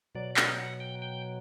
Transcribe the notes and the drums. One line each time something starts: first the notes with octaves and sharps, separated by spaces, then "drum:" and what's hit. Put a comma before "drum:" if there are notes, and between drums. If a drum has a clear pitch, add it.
B2 F#3 D5
D5, drum: clap
F#5
G5
G5